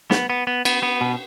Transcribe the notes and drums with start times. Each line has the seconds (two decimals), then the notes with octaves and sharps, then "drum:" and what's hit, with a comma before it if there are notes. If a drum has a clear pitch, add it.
0.11 B3, drum: snare
0.30 B3
0.47 B3
0.65 B3, drum: cymbal
0.83 B3
1.01 B2